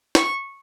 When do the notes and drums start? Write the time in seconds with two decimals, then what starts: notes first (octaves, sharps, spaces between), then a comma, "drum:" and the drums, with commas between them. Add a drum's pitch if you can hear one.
0.15 C#6, drum: snare